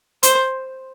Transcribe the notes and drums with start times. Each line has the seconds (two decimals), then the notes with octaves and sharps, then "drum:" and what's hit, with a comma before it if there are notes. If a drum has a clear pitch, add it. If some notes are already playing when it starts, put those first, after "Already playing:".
0.23 C5, drum: hi-hat